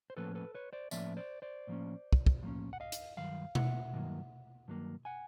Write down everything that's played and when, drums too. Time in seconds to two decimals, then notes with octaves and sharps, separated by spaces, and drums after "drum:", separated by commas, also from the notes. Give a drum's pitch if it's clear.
0.10 C5
0.17 A2 F3 A#3 C#4 A4 B4
0.35 A4 B4
0.55 B4 C#5
0.73 C5 D5
0.91 A2 F3 A#3 C#4 D5 E5, drum: tambourine
1.17 C5 D5
1.42 C5 D5
1.67 A2 F3 A#3 C#4
2.13 drum: kick
2.26 drum: kick
2.42 A2 F3 A#3 C#4
2.73 F#5
2.80 D#5 F5
2.92 drum: hi-hat
3.17 G2 D#3 F#3 F5
3.55 E5 F#5, drum: tom B2
3.93 G2 D#3 F#3 A#3
4.68 G2 D#3 F#3 A#3
5.05 F#5 G#5